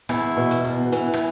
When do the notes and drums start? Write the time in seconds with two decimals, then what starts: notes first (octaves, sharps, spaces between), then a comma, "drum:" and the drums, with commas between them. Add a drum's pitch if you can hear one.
0.09 E2 E4, drum: rim click
0.37 B2
0.51 drum: hi-hat
0.65 E2
0.92 E3, drum: hi-hat
1.13 drum: rim click